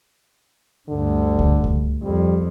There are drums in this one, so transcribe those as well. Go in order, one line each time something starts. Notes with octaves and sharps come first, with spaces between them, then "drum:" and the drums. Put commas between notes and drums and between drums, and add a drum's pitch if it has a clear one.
D2 G2 D3
drum: kick C#2
drum: kick C#2
F2 G3